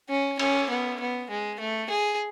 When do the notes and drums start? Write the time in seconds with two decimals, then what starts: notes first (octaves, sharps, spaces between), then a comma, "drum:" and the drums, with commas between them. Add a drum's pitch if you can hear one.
0.10 C#4
0.39 C#4, drum: cymbal
0.70 B3
1.00 B3
1.30 G#3
1.60 A3
1.90 G#4